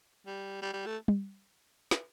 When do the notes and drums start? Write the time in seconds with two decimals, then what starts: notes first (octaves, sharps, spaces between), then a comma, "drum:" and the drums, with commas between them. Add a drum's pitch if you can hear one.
0.27 G3
0.62 G3
0.74 G3
0.86 A3
1.08 drum: tom G3
1.91 drum: snare